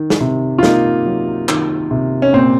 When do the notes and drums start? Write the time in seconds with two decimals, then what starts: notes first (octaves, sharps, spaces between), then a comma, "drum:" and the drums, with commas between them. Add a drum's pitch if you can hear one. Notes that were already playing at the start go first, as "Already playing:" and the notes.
Already playing: D#3
0.10 drum: snare
0.21 C3
0.59 F4
0.63 A#3 D#4, drum: snare
1.06 F#3
1.49 D#3, drum: clap
1.91 C3
2.22 C#4
2.33 A#2 C4